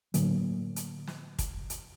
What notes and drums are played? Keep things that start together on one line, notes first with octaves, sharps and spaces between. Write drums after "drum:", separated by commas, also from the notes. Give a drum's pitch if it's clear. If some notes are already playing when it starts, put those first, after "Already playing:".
A2 D3 F#3 A#3, drum: hi-hat
drum: hi-hat
drum: snare
drum: kick, hi-hat
drum: hi-hat